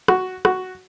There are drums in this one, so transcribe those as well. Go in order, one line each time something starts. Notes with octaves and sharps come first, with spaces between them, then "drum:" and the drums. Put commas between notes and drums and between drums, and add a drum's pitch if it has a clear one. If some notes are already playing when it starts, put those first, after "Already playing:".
F#4, drum: rim click
F#4, drum: rim click